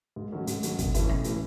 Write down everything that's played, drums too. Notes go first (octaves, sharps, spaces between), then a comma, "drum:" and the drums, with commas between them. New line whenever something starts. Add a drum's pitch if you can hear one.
G#2
D#3 F#3 A3 C#4
G#2, drum: hi-hat
D#3 F#3 A3 C#4, drum: hi-hat
B1, drum: kick, hi-hat
A2 E3 A3 C#4, drum: kick, hi-hat
B1, drum: rim click
A2 E3 A3 C#4, drum: hi-hat